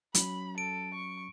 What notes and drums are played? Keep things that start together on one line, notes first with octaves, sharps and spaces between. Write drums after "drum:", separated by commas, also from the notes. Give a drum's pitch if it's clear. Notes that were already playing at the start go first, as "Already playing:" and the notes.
F#3 C#4 B5, drum: hi-hat
A4 D7
C#6